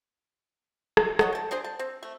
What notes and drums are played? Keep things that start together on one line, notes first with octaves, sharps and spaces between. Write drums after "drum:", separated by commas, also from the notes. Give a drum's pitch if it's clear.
drum: rim click
C#5 D#5 F#5, drum: rim click
G5 A5
C4 D4 G#4 C5
A5
C4
A3